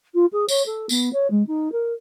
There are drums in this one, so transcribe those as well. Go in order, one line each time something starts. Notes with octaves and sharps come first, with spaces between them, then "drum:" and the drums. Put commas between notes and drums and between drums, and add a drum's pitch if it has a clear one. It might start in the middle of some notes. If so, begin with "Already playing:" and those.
F4
G#4
C#5, drum: tambourine
A4
B3, drum: tambourine
C#5
G#3
D#4
A#4